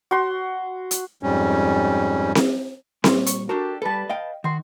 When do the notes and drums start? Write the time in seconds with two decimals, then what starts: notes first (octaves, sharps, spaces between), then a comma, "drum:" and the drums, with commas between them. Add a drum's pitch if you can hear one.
0.11 F#4 C6
0.91 drum: hi-hat
1.23 F2 G#2 G3 C#4
2.35 drum: snare C4
3.04 A#2 G3 C#5 C6, drum: snare C4
3.26 C#6, drum: hi-hat
3.49 D4 F#4 G4 A4 A#4
3.82 G3 A4 B4 A5
4.09 D#5 F5 G5
4.44 D#3 F#4 C6